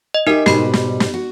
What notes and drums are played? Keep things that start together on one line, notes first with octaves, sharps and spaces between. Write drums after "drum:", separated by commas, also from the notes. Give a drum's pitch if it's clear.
D#5
D#4 G4 A#4 E5
G#2 B2 G3 G4 B5, drum: snare
drum: snare
drum: snare
F#4